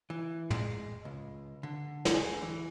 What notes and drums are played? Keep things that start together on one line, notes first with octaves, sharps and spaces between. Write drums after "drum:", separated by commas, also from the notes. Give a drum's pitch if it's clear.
E3
G#3, drum: tom
C#2
D3
drum: snare
G#4
E3